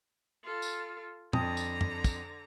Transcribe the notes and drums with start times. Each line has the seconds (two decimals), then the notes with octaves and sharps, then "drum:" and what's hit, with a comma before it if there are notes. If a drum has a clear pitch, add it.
0.44 F4 A4
0.62 drum: tambourine
1.33 F2 D3 A#5 D#6, drum: tom
1.57 drum: tambourine
1.81 drum: tom
2.04 drum: kick, tambourine